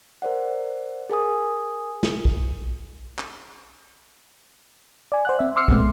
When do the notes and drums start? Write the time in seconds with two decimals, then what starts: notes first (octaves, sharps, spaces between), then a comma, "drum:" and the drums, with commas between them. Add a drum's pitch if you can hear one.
0.22 A#4 C5 D5 F#5
1.10 G#4 A#4 G#5 D#6
2.03 drum: snare
2.25 drum: kick
3.19 drum: clap
5.12 D5 G#5
5.25 C5 F#5 F#6
5.39 C4 E5
5.56 C6 D6 E6 F6 C7 C#7
5.68 A#2 G#3 A3 B3 C4, drum: kick